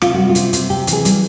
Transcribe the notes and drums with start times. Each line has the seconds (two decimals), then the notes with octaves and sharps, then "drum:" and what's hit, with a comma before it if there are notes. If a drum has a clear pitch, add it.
0.01 C3 F4, drum: rim click
0.14 G3 F#4
0.29 F4
0.35 C3, drum: hi-hat
0.53 C3, drum: hi-hat
0.70 C3 G4
0.87 E3, drum: hi-hat
0.92 G#4
1.05 G3, drum: hi-hat